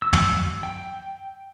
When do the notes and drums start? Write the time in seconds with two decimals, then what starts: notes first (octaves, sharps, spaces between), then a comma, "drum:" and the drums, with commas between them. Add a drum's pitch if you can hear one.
0.02 E6
0.13 drum: tom
0.63 G5